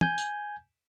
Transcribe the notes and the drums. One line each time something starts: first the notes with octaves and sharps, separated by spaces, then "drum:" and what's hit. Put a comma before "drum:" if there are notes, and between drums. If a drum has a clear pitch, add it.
G#5 G6, drum: tom
drum: tambourine